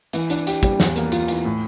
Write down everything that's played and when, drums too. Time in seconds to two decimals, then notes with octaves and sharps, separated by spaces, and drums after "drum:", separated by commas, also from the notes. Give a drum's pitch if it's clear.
0.13 E3, drum: hi-hat
0.30 D4, drum: hi-hat
0.47 G4, drum: hi-hat
0.63 G3, drum: kick, hi-hat
0.80 E2, drum: snare
0.96 A#3, drum: hi-hat
1.12 F4, drum: hi-hat
1.28 E3, drum: hi-hat
1.45 A2